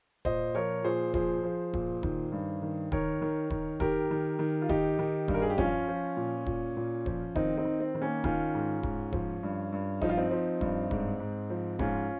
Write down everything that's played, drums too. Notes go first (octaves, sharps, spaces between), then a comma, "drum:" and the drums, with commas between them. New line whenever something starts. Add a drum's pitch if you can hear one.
A#2 C5 D#5, drum: kick D#1
F3 A#4 C#5
A#2 G#4 C5
F3 G#4 C5, drum: kick D#1
F3
A#2, drum: kick D#1
D#3, drum: kick D#1
G2
D#3
D#3 A#4 C#5, drum: kick D#1
D#3
D#3, drum: kick D#1
D#3 G4 A#4, drum: kick D#1
D#3
D#3
F4
D#3 D#4 G4, drum: kick D#1
D#3
G2, drum: kick D#1
A#4
G#4
G4
F3 C#4 F4, drum: kick D#1
F3
A#2
A#2, drum: kick D#1
A#2
F3, drum: kick D#1
D#3 C4 D#4, drum: kick D#1
C4 D#4
D#3
C4
D#3
A#3 C#4
D#3 C#4 F4, drum: kick D#1
G#2
G#2, drum: kick D#1
F3, drum: kick D#1
G2
G2
F3 D#4, drum: kick D#1
F4
C4 D#4
F3
G2, drum: kick D#1
G#2, drum: kick D#1
G#2
F3
G#2 C#4 F4, drum: kick D#1